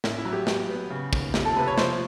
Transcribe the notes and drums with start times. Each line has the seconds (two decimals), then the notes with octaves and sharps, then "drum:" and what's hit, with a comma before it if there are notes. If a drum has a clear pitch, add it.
0.04 A1 E4, drum: snare
0.18 E4
0.25 F#3
0.32 G4
0.47 B3 G4, drum: snare
0.70 B3
0.90 C#3
1.13 D#2, drum: kick
1.34 F2 G4, drum: snare
1.45 A4
1.56 C3 B4
1.67 C#5
1.78 F3 C5, drum: snare